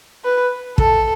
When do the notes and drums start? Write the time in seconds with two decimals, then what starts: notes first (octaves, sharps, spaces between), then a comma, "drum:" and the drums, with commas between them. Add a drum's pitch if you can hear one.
0.24 B4
0.78 A4, drum: kick